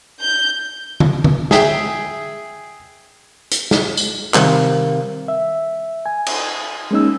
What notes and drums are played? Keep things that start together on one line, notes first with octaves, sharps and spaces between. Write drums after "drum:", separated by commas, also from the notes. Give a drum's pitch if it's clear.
G6
drum: tom
drum: tom
G#4 E5 G5, drum: snare
drum: hi-hat
drum: snare
drum: tambourine
C3 D#3 G3 C4 A#4 F5, drum: clap
E5
G#5
drum: cymbal
G#3 A#3 C#4 D#4 E6